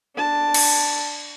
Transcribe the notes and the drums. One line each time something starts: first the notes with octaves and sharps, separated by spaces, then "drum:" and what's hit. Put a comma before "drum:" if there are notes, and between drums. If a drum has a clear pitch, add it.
D4 A5
drum: cymbal